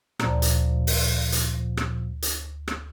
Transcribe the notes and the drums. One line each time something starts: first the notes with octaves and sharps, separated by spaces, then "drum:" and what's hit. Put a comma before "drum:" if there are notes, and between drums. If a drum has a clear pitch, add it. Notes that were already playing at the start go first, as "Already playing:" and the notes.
D2 A#2 F3 D5 A#5, drum: rim click
drum: hi-hat
drum: open hi-hat
drum: hi-hat
drum: rim click
drum: hi-hat
drum: rim click